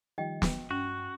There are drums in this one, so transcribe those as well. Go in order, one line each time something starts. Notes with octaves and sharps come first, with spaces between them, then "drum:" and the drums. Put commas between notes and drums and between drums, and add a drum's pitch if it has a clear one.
D#3 F3 G3 D#5 G5
drum: snare
G2 C#4 F#4